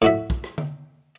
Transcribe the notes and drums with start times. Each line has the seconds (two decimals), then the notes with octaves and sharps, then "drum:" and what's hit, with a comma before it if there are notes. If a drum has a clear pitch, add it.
0.02 A2 F#4 E5
0.30 drum: kick
0.44 drum: rim click
0.58 drum: tom D3